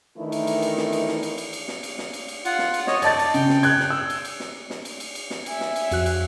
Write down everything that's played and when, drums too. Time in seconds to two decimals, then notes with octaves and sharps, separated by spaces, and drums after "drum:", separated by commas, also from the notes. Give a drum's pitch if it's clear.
0.17 D#3 E3 A3 D4 E4
0.32 drum: cymbal
0.47 drum: cymbal
0.62 drum: cymbal
0.78 drum: snare
0.93 drum: cymbal
1.08 drum: snare
1.23 drum: cymbal
1.38 drum: cymbal
1.53 drum: cymbal
1.68 drum: snare
1.83 drum: cymbal
1.98 drum: snare
2.13 drum: cymbal
2.29 drum: cymbal
2.45 F4 F#5, drum: cymbal
2.59 drum: snare
2.74 drum: cymbal
2.87 C#5 D#5, drum: snare
3.02 D5 D#5 A5 A6, drum: cymbal
3.19 drum: cymbal
3.34 C#3 G5, drum: cymbal
3.49 drum: snare
3.63 F#6 G#6, drum: cymbal
3.79 drum: snare
3.90 E6
4.10 drum: cymbal
4.25 drum: cymbal
4.40 drum: snare
4.70 drum: snare
4.85 drum: cymbal
5.00 drum: cymbal
5.15 drum: cymbal
5.30 drum: snare
5.46 E5 G#5, drum: cymbal
5.61 drum: snare
5.76 drum: cymbal
5.91 F2 F#4 F#6, drum: cymbal
6.06 drum: cymbal